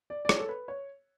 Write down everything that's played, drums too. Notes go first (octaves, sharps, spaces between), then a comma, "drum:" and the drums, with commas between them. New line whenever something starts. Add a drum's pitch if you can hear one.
D5
D5
C#5, drum: rim click
A4
B4
C#5